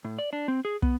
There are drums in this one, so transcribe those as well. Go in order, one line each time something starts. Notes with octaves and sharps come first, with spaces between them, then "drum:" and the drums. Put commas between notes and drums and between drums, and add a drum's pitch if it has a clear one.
A2
D5
D4
C4
G#4
B3, drum: kick